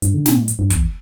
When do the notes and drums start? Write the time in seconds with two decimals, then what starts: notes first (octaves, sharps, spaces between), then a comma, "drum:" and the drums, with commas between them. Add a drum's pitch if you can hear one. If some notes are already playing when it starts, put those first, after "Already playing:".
0.02 G2, drum: hi-hat
0.14 D3
0.26 B2, drum: snare
0.36 A2
0.48 drum: hi-hat
0.59 G2
0.70 E2, drum: kick, hi-hat